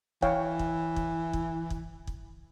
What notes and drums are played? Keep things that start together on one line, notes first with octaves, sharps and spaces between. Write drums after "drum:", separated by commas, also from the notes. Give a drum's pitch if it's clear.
E3 C#5 F5 G5, drum: kick
drum: kick
drum: kick
drum: kick
drum: kick
drum: kick